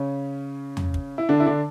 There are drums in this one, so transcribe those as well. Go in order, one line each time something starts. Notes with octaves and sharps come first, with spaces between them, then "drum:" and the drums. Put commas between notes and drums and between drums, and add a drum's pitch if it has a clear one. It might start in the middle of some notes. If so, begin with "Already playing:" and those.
Already playing: C#3 C#4
drum: tom E2
drum: kick
E4
D3 D4
E4
D3 D4